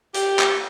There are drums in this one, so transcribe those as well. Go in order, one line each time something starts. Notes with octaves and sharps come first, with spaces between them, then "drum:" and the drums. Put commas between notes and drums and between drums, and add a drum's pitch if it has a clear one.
G4, drum: hi-hat
drum: clap